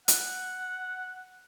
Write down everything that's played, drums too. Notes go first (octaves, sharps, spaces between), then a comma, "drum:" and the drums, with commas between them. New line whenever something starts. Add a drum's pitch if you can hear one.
F#5, drum: hi-hat